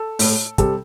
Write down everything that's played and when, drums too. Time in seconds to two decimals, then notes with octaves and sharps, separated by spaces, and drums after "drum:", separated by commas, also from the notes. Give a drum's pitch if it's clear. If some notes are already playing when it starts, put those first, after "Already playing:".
Already playing: A4
0.19 A2 A3, drum: open hi-hat
0.58 C3 G3 A4, drum: kick, hi-hat